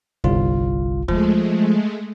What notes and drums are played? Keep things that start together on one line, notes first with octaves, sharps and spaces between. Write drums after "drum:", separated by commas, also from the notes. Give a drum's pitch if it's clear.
G1 C2 F4, drum: kick D2
F3 G#3 A3, drum: kick D2